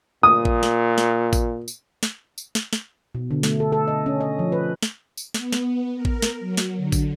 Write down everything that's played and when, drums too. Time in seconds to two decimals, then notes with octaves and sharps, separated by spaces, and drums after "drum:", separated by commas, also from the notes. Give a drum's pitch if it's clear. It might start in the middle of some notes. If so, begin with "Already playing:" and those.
0.23 A#2 D#6
0.45 drum: kick A1
0.63 drum: snare
0.98 drum: snare
1.33 drum: kick A1, tambourine
1.68 drum: tambourine
2.03 drum: snare
2.38 drum: tambourine
2.55 drum: snare
2.73 drum: snare
3.15 B2
3.31 D3
3.43 A3, drum: snare
3.60 A4
3.72 A4
3.88 D#5
4.06 C#4
4.21 D#5
4.39 F3
4.52 B4
4.83 drum: snare
5.17 drum: tambourine
5.34 B3, drum: snare
5.52 drum: snare
5.95 A#4
6.05 drum: kick A1
6.22 drum: snare
6.39 F#3
6.57 drum: snare
6.77 D3
6.92 drum: kick A1, tambourine